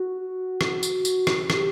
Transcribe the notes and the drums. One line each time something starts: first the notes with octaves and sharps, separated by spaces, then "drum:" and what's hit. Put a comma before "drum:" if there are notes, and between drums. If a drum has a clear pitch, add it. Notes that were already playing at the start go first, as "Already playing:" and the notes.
Already playing: F#4
drum: rim click
drum: tambourine
drum: tambourine
drum: rim click
G4, drum: rim click